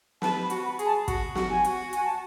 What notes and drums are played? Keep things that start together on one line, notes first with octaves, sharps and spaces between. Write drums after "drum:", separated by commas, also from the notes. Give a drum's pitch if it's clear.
B4 A5, drum: snare
B5
F#4, drum: hi-hat
B5
G#4, drum: hi-hat
A5
F#4, drum: kick, hi-hat
F#4, drum: snare
G#5
F#4, drum: hi-hat
G#5, drum: hi-hat
A5